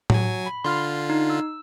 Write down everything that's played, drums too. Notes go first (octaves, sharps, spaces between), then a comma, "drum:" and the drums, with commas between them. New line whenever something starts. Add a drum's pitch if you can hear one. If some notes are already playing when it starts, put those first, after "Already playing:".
F#3 G#5, drum: tom A2
B5
D3 F4 C6 F6
D#4
E6